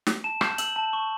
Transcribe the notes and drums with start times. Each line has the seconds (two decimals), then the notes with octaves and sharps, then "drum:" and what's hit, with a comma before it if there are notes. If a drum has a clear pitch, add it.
0.07 drum: snare
0.24 A5 E7
0.41 G6, drum: rim click
0.58 E6 F#7, drum: hi-hat
0.76 A5
0.93 C#6